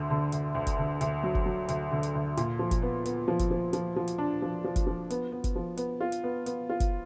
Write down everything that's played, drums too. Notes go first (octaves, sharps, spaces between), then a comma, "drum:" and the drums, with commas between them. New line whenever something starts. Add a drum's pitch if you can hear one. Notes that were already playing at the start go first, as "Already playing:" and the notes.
Already playing: D2 D3
D3
D2, drum: hi-hat
D2
drum: kick, hi-hat
D3
D2, drum: hi-hat
F#3
drum: kick
F#3
D2, drum: hi-hat
D3
drum: hi-hat
D2
A#2, drum: hi-hat
F3
drum: kick, hi-hat
B3
B3, drum: hi-hat
F3
drum: kick, hi-hat
F3
F3, drum: hi-hat
F3
drum: hi-hat
D4
F3
F3
drum: kick, hi-hat
F3
B3, drum: hi-hat
B3
drum: kick, hi-hat
F3
B3, drum: hi-hat
F4
drum: hi-hat
B3
B3, drum: hi-hat
F4
drum: kick, hi-hat